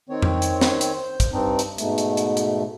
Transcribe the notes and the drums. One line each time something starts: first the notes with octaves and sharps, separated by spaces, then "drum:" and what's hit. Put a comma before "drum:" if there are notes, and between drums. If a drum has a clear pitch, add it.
D#3 C4 C#5
drum: tom F2
drum: hi-hat
drum: snare
drum: hi-hat
C5
drum: kick A#1, hi-hat
G2 C4 D4 D#4
drum: hi-hat
G#2 B2 A3, drum: hi-hat
drum: hi-hat
drum: hi-hat
drum: hi-hat